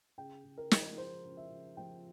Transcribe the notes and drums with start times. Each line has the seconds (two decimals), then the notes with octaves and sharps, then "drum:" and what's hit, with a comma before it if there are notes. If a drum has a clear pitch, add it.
0.18 C#3 G5
0.45 C#3
0.58 A#4
0.71 F3, drum: snare
0.97 G#3 C5
1.24 C#3
1.37 E5
1.51 C#3
1.77 F3 G5